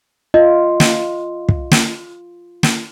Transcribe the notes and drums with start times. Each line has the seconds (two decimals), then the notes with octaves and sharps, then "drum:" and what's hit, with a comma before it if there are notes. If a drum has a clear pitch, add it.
0.34 F4 D#5
0.80 drum: snare
1.49 drum: kick
1.71 drum: snare
2.63 drum: snare